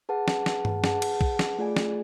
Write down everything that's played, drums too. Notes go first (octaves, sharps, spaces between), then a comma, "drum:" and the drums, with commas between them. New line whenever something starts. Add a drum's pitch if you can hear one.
G#4 B4 F#5 A5
drum: snare
drum: snare
drum: tom G2
G#4 B4 F#5 A5, drum: snare
drum: cymbal
drum: kick
drum: snare
A3 F4 G#4 D5 G#5
drum: snare